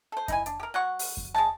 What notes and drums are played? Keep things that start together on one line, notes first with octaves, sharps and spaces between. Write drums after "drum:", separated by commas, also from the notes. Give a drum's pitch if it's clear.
A4 C5
D#4 E4 G#5, drum: kick F2, hi-hat
D4, drum: hi-hat
G4 A#4
F#3 F#5 C#6
drum: open hi-hat
drum: kick F2
G#3 A5, drum: rim click